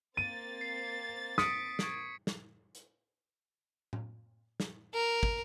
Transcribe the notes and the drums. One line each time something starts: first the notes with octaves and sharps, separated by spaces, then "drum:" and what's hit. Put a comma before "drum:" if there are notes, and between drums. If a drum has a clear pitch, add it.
A#3 C4 A6 D#7
C7
D#6 B6 C#7 D7, drum: snare
C#6 G#6 D7, drum: snare
drum: snare
drum: hi-hat
drum: tom A2
drum: snare
A#4
drum: kick